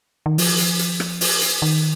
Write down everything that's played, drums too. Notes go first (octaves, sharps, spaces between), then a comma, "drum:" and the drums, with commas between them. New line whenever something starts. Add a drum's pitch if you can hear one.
D#3
F3, drum: open hi-hat
drum: hi-hat
drum: hi-hat
drum: rim click
drum: open hi-hat
drum: hi-hat
D#3